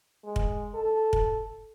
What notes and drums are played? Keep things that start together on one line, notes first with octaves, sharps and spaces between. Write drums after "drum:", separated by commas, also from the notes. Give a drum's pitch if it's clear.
G#3
drum: kick
A4
drum: kick